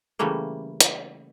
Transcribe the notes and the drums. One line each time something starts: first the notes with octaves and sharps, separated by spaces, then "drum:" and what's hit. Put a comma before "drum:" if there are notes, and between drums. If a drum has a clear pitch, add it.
C#3 E3 G3 A3 A#3
drum: hi-hat